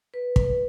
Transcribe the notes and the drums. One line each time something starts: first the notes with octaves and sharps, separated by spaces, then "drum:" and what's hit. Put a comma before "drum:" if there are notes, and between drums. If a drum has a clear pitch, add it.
B4
B4, drum: kick